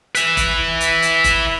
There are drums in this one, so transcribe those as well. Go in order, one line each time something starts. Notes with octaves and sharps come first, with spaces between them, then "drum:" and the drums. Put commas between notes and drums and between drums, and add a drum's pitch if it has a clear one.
B4 E5, drum: hi-hat
drum: kick F1, hi-hat
drum: hi-hat
drum: hi-hat
drum: kick F1, hi-hat